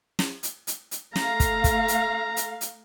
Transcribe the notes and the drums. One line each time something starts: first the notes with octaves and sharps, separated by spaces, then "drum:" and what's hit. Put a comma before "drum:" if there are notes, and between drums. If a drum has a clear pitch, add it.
drum: snare
drum: hi-hat
drum: hi-hat
drum: hi-hat
A3 F5 A#5, drum: snare
drum: kick, hi-hat
drum: kick, hi-hat
drum: hi-hat
drum: hi-hat
drum: hi-hat